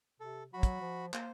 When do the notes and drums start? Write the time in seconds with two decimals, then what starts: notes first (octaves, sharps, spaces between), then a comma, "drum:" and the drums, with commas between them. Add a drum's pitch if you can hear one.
0.20 C3 A4
0.54 F#3 F#4 B5
0.63 drum: kick, hi-hat
0.81 F3
1.14 A#3 C5, drum: clap